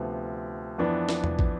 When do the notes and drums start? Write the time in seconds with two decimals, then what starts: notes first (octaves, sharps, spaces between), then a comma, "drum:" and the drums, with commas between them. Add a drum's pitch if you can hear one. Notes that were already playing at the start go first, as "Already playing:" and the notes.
Already playing: D2 C3 F3 B3
0.78 F2 E3 B3 D4
1.09 drum: snare
1.24 drum: tom E2
1.39 drum: kick